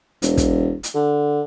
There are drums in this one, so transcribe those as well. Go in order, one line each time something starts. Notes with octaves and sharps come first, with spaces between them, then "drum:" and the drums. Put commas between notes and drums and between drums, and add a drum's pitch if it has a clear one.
E1, drum: hi-hat
drum: kick, hi-hat
drum: hi-hat
D3